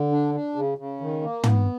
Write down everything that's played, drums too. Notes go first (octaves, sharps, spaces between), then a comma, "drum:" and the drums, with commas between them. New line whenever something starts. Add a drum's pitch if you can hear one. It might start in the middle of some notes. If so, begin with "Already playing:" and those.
Already playing: D3
D4
D4
C#3
C#3
D#3
A#3
B3, drum: tom